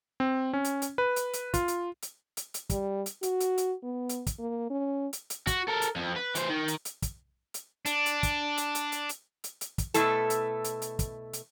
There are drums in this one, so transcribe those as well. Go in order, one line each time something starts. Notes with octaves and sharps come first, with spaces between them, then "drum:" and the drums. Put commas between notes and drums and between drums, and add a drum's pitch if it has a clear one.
C4
C#4
drum: hi-hat
drum: hi-hat
B4
drum: hi-hat
drum: hi-hat
F4, drum: kick, hi-hat
drum: hi-hat
drum: hi-hat
drum: hi-hat
drum: hi-hat
G3, drum: kick, hi-hat
drum: hi-hat
F#4, drum: hi-hat
drum: hi-hat
drum: hi-hat
B3
drum: hi-hat
drum: kick, hi-hat
A#3
C#4
drum: hi-hat
drum: hi-hat
F#4, drum: kick, hi-hat
A4 A#4
drum: hi-hat
F2
B4
E3 C5, drum: hi-hat
D#3
drum: hi-hat
drum: hi-hat
drum: kick, hi-hat
drum: hi-hat
D4, drum: hi-hat
drum: hi-hat
drum: kick, hi-hat
drum: hi-hat
drum: hi-hat
drum: hi-hat
drum: hi-hat
drum: hi-hat
drum: hi-hat
drum: kick, hi-hat
B2 A3 E4 A4, drum: hi-hat
drum: hi-hat
drum: hi-hat
drum: hi-hat
drum: kick, hi-hat
drum: hi-hat